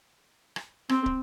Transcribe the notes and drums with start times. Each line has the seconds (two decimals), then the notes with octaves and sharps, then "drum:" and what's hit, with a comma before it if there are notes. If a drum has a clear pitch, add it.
0.56 drum: rim click
0.89 C4, drum: rim click
1.06 drum: kick